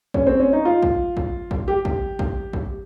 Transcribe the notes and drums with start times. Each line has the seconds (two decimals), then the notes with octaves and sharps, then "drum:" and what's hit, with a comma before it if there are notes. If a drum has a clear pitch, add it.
0.14 C#4, drum: kick
0.27 C4
0.40 C#4
0.53 D#4
0.65 F4
0.83 drum: kick
1.17 drum: kick
1.51 drum: kick
1.68 G4
1.85 drum: kick
2.19 drum: kick
2.53 drum: kick